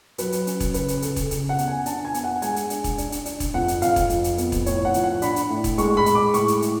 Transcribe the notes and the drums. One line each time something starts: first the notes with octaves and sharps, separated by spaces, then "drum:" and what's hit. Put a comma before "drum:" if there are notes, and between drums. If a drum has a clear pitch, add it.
F#3 B4, drum: hi-hat
drum: hi-hat
C#4, drum: hi-hat
drum: kick E1, hi-hat
C#3 B4, drum: hi-hat
drum: hi-hat
C#3 A4, drum: hi-hat
drum: kick E1, hi-hat
C#3, drum: hi-hat
F#5
B3, drum: hi-hat
G#5
D4 A5, drum: hi-hat
G#5
B3, drum: hi-hat
F#5
G#3 G#5, drum: hi-hat
drum: hi-hat
D4, drum: hi-hat
drum: kick E1, hi-hat
D4, drum: hi-hat
drum: hi-hat
D4, drum: hi-hat
drum: kick E1, hi-hat
F2 F#5
drum: hi-hat
F2 F5, drum: hi-hat
drum: kick E1, hi-hat
F2, drum: hi-hat
drum: hi-hat
B3, drum: hi-hat
drum: kick E1, hi-hat
A2 C#5, drum: hi-hat
F#5
F3, drum: hi-hat
F#5
D4 B5, drum: hi-hat
drum: hi-hat
A2
drum: kick E1, hi-hat
G#3 C#6, drum: hi-hat
B5
G#3, drum: hi-hat
D6
A2 C#6, drum: hi-hat
drum: hi-hat
A2, drum: hi-hat